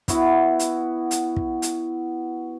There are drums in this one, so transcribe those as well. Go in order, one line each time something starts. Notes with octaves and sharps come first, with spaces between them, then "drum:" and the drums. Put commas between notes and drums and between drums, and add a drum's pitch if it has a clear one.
B3 E4 F#4, drum: kick, hi-hat
drum: hi-hat
drum: hi-hat
drum: kick
drum: hi-hat